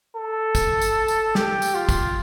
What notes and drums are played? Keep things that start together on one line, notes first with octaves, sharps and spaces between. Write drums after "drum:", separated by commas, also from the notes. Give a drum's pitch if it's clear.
A4
drum: kick, tambourine
drum: tambourine
drum: tambourine
G4, drum: snare
drum: tambourine
F4
drum: kick, tambourine